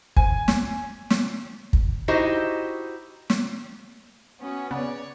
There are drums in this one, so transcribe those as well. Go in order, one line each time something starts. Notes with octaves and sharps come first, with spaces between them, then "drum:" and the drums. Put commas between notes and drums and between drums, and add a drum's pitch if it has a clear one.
G#5, drum: kick
drum: snare
drum: snare
drum: kick
D#4 E4 F#4 G4 C5 D#5
drum: snare
B3 C#4 F#4
C#3 B3 C#5 D5